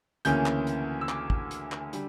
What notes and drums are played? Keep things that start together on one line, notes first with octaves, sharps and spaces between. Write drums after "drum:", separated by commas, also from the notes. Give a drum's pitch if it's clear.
D2 C#3 E3 A#3 C#4 G6, drum: hi-hat
drum: clap
drum: hi-hat
E6
D6, drum: clap
drum: kick
drum: hi-hat
drum: clap
D3 G3, drum: hi-hat